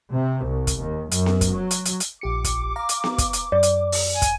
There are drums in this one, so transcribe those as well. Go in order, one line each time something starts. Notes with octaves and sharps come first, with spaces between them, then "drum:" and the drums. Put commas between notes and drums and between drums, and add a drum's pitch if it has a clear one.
C3
C2
drum: kick, hi-hat
D#2
F#2, drum: hi-hat
drum: snare B3
drum: kick, hi-hat
F#3
drum: hi-hat
drum: hi-hat
drum: hi-hat
A#1 G4 D6 C#7
drum: kick, hi-hat
F5 A#5
drum: hi-hat
drum: snare B3
drum: kick, hi-hat
drum: hi-hat
F#2 D5
drum: hi-hat
drum: open hi-hat
G#5
drum: kick, hi-hat